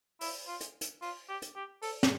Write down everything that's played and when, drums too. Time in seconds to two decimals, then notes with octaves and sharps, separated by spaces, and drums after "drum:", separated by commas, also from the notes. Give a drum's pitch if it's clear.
0.21 E4, drum: open hi-hat
0.47 F4
0.61 drum: hi-hat
0.81 drum: hi-hat
1.02 F4, drum: open hi-hat
1.28 G4
1.42 drum: hi-hat
1.55 G4
1.82 A4, drum: open hi-hat
2.03 drum: snare